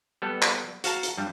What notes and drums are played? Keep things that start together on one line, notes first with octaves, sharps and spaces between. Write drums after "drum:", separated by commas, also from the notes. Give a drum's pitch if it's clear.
G3 B3 A4
drum: clap
F#4 F5 A5 A#5, drum: hi-hat
drum: hi-hat
G2 G3